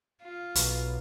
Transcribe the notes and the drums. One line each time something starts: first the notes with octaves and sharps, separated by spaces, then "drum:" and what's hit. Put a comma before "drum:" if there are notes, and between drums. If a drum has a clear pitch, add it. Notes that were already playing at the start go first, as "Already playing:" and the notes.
F4
B1, drum: hi-hat